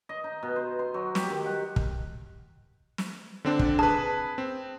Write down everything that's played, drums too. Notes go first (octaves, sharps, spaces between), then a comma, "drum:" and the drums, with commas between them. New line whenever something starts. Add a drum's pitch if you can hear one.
D#5
D#4
B2
C5
C6
F#3
G4, drum: snare
D#3
F#5
drum: kick
drum: snare
D3 C4 D4
drum: kick
G#4 B4 A5
C4